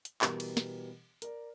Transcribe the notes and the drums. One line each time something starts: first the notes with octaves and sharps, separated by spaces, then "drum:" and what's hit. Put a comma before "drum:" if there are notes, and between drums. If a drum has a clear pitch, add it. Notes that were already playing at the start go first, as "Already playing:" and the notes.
drum: hi-hat
B2 E3 G3 B3 G4 A#4, drum: clap
drum: cymbal
drum: snare
A#4 D5, drum: hi-hat